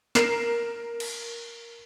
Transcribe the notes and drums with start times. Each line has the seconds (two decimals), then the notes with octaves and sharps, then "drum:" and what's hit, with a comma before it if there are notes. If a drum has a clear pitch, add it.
0.15 A#4 C7 E7, drum: snare
1.00 drum: cymbal